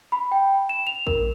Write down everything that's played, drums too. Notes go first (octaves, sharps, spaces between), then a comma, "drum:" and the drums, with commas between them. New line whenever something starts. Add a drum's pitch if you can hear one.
B5
G5
E7
F7
A#4, drum: kick